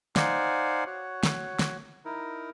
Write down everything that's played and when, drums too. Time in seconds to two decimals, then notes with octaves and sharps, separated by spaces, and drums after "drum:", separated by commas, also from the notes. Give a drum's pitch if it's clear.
0.16 D#4 C5 D5 F5 F#5 G#5, drum: snare
0.87 F#4 C#5
1.23 drum: snare
1.59 drum: snare
2.05 D#4 E4 A#4